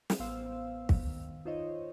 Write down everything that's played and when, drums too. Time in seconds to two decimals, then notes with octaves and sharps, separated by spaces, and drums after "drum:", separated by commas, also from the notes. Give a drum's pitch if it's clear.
0.10 drum: snare
0.19 A1 B3 C5 F5 E6
0.89 drum: kick
1.07 D#3
1.45 D#4 F4 C5 C#5 D#5